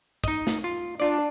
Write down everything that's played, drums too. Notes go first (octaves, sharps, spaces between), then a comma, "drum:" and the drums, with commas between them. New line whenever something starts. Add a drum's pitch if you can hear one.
D#4 D#5, drum: kick
drum: snare
F4
D4 F4 D5